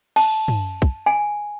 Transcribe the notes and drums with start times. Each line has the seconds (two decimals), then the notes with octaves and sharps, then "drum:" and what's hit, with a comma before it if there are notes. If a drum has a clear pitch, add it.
0.16 A5, drum: cymbal
0.48 drum: tom
0.82 drum: kick
1.06 G#5